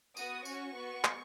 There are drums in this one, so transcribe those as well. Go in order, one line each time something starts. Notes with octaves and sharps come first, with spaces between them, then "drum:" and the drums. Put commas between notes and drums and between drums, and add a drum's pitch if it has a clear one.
B3 F#4 D#6, drum: tambourine
C#4 F#4 C#6, drum: tambourine
B3 F#4
drum: clap